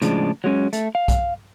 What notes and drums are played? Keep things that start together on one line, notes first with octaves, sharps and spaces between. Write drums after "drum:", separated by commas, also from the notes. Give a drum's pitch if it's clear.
A2 C#3 F3 G#3 D4, drum: hi-hat
F#3 G#3 C#4
A3, drum: hi-hat
F5
drum: kick, hi-hat